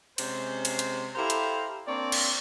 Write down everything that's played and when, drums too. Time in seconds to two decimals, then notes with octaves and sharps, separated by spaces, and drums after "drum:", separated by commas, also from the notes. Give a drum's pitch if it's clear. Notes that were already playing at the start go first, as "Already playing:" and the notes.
0.18 C3 G#3 C#4 C5, drum: cymbal
0.65 drum: cymbal
0.79 drum: hi-hat
1.16 E4 G4 A4 C5 F5 A#5
1.30 drum: hi-hat
1.87 A#3 C4 D4 C#5 D5
2.12 drum: cymbal